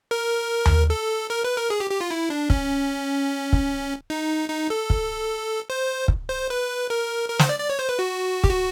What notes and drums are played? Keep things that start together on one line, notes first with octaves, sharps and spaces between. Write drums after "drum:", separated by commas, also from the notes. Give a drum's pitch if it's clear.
A#4
drum: tom D#2
A4
A#4
B4
A#4
G#4
G4
G4
F4
E4
D4
C#4, drum: kick
drum: kick
D#4
D#4
A4
drum: kick
C5
drum: kick
C5
B4
A#4
A#4
C5, drum: snare
D5
D5
C#5
C5
B4
F#4
G4, drum: kick
F#4